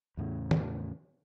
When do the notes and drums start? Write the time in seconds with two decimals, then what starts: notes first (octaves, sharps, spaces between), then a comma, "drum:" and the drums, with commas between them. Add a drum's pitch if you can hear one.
0.17 E2 A2 C#3
0.51 drum: tom